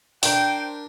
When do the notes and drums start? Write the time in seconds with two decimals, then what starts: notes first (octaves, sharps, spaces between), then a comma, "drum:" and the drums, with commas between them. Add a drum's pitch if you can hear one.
0.23 D4 A#4 C5 G5, drum: open hi-hat